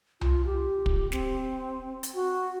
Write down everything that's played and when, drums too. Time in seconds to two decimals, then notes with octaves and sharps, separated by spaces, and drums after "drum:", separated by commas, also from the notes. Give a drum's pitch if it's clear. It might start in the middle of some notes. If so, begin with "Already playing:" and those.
0.21 F4, drum: tom C2
0.46 G4
0.86 drum: kick
1.12 C4, drum: snare
2.03 drum: hi-hat
2.15 F#4